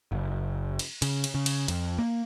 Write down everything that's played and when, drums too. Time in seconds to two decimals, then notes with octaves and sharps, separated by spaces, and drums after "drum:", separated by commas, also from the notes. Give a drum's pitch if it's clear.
0.12 F#1
0.79 drum: cymbal
1.02 C#3, drum: cymbal
1.24 drum: cymbal
1.35 C#3
1.46 drum: cymbal
1.68 F2, drum: cymbal
1.99 A#3